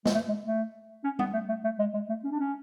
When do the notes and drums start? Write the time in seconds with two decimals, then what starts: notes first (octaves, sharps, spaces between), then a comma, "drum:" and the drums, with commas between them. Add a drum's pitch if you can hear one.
0.05 G#3, drum: snare
0.14 A3
0.29 G#3
0.44 A3
1.04 C#4
1.19 B3, drum: tom G3
1.33 A3
1.49 A3
1.64 A3
1.79 G#3
1.94 G#3
2.09 A3
2.24 C#4
2.31 D4
2.39 C#4